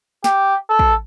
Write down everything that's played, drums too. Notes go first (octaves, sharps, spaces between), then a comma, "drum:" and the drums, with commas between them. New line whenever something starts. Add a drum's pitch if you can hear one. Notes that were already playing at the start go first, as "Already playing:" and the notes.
G4, drum: snare
A4
drum: kick